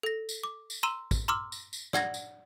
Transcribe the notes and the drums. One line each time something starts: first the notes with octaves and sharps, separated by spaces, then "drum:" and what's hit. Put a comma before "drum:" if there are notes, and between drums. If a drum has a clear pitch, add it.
A4 A#6
drum: tambourine
D6
drum: tambourine
A#5 C6 E6 D#7 E7 G7
drum: kick, tambourine
A#5 C6 D6 E6 F6
drum: tambourine
drum: tambourine
D5 F#5 G#6 A#6, drum: snare
drum: tambourine